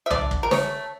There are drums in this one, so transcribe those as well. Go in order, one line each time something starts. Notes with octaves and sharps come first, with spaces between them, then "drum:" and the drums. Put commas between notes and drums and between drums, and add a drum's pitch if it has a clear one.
E5
D3 D5, drum: tom C2
drum: kick
A#4
A3 C#5, drum: snare